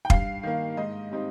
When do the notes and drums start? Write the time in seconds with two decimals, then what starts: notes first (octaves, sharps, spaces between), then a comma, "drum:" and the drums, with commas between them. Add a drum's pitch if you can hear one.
0.05 G5
0.10 G2 F5, drum: kick
0.43 D#3 A#3
0.77 G#2 D#5
1.11 G3 C4 D#4